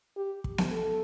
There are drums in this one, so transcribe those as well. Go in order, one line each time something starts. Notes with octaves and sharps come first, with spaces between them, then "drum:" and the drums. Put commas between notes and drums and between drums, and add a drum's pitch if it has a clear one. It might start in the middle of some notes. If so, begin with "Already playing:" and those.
G4
drum: kick
drum: snare B3
A4